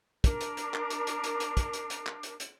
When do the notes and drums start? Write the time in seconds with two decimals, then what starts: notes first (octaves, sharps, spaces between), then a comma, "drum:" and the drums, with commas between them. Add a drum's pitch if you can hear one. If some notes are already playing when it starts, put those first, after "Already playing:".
0.24 D4 A#4, drum: kick, hi-hat
0.41 drum: hi-hat
0.57 drum: hi-hat
0.74 drum: clap
0.90 drum: hi-hat
1.07 drum: hi-hat
1.24 drum: hi-hat
1.40 drum: hi-hat
1.57 drum: kick, hi-hat
1.73 drum: hi-hat
1.90 drum: hi-hat
2.07 drum: clap
2.23 drum: hi-hat
2.40 drum: hi-hat